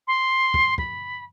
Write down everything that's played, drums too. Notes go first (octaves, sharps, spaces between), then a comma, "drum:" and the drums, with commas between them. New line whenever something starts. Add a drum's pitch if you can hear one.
C6
drum: kick
B5, drum: kick